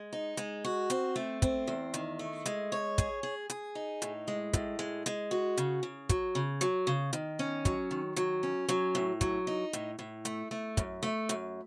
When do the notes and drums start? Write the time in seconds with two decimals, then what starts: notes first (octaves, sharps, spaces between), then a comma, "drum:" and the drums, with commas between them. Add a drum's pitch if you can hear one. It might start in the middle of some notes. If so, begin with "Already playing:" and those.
Already playing: G#3
0.13 D#4
0.37 G#3, drum: hi-hat
0.65 F#4
0.90 C4, drum: hi-hat
1.16 A3
1.42 C4, drum: kick, hi-hat
1.67 E2
1.94 D#3, drum: hi-hat
2.19 A3
2.46 G#3, drum: hi-hat
2.72 C#5
2.98 G#4, drum: kick, hi-hat
3.23 G#4
3.50 G#4, drum: hi-hat
3.75 D#4
4.02 A2, drum: hi-hat
4.28 G#3
4.53 A2, drum: kick, hi-hat
4.79 G#3
5.06 G#3, drum: hi-hat
5.31 F#4
5.57 C#3, drum: hi-hat
5.83 C#3
6.09 F#3, drum: kick, hi-hat
6.35 C#3
6.61 F#3, drum: hi-hat
6.87 C#3
7.13 D#3, drum: hi-hat
7.39 C#4
7.65 F#3, drum: kick, hi-hat
7.91 D#3
8.16 F#3, drum: hi-hat
8.43 C#4
8.69 F#3, drum: hi-hat
8.95 A2
9.21 F#3, drum: kick, hi-hat
9.47 D#4
9.73 A2, drum: hi-hat
9.99 A2
10.25 A3, drum: hi-hat
10.51 A3
10.77 F#2, drum: kick, hi-hat
11.03 A3
11.29 F#2, drum: hi-hat